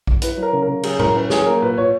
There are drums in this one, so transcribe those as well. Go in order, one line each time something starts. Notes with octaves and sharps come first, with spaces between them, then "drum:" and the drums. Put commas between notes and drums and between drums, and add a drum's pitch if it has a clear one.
drum: kick A#1
E4 B4, drum: hi-hat
F#3
A#4
C#3
A#4
C#3
F#3 G#4, drum: cymbal
E4 A#4, drum: tom A2
C#4 B4
F#3 G#4, drum: snare
A#3 A#4
A#2 B4
A#2 C#5